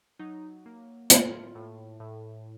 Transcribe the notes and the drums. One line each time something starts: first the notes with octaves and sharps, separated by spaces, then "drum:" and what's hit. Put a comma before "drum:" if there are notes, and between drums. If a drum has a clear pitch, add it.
F#3 D#4
A#3
A2 F4, drum: hi-hat
A2
A2